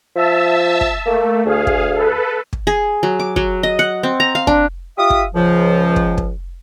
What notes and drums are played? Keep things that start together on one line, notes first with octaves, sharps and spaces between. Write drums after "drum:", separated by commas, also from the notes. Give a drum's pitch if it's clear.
F3 E5 A5 E6
drum: kick
A3 A#3
D2 G#4 F5
drum: kick
A4 B4
drum: kick
G#4
F#3
D6
F#3, drum: kick
D#5
F#5
C4
A#5
F5
D4, drum: kick
F4 G4 E5 D#6
drum: kick
C#2 F3
drum: kick
drum: kick